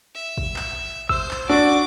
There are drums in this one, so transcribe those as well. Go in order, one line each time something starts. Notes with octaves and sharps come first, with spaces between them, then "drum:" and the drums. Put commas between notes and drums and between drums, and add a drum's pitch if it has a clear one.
E5
drum: kick
drum: clap
C5 E6, drum: kick
drum: clap
D4 F#4 D6